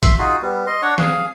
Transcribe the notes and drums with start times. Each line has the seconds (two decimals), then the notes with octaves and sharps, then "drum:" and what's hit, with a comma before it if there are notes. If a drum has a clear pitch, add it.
0.03 E5 C6, drum: kick, hi-hat
0.18 D#4 F4 F#4 G#4
0.42 G3 B3
0.67 D#5 C6
0.82 D4 C#5 F#5 C#6
0.98 G#4 F5, drum: snare